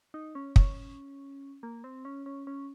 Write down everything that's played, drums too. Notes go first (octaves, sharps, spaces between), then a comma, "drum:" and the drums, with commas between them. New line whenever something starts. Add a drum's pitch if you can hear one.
D#4
C#4
C#4, drum: kick
A#3
C4
C#4
C#4
C#4